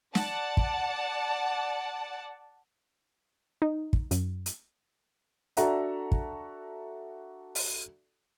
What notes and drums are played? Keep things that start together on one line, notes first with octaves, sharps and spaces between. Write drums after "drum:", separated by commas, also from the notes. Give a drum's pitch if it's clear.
D5 F#5 A5, drum: snare
drum: kick
D#4
drum: kick
F#2, drum: hi-hat
drum: hi-hat
D4 F#4 A4 E5 F#5 A#5, drum: hi-hat
drum: kick
drum: open hi-hat